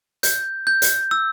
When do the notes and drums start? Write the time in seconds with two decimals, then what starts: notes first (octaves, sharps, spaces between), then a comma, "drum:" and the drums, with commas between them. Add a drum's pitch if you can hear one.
0.23 G6, drum: hi-hat
0.67 G6
0.82 drum: hi-hat
1.11 E6